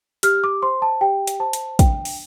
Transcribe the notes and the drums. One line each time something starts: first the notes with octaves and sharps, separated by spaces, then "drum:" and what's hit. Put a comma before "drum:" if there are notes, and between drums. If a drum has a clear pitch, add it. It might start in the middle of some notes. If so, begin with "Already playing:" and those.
G4 F6, drum: hi-hat
D6
C5 C6
A5
G4 G5
drum: hi-hat
C5 A5
drum: hi-hat
D4 G5, drum: kick, hi-hat
drum: open hi-hat